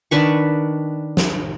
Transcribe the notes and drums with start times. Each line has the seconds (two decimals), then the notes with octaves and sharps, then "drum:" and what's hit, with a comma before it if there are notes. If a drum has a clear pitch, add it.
0.11 D#3 D4 B4 C#6
1.17 drum: snare